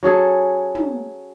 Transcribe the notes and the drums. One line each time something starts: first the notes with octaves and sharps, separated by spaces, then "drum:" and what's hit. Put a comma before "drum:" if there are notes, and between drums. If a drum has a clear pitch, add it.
F#3 C#4 G#4 A4
drum: tom